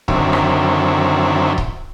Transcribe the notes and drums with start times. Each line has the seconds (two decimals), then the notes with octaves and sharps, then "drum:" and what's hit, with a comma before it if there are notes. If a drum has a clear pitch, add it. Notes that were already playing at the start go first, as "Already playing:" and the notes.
0.08 F#2 D3 D#3 F#3 C4 E4, drum: kick C#1
0.33 drum: rim click
1.58 drum: kick C#1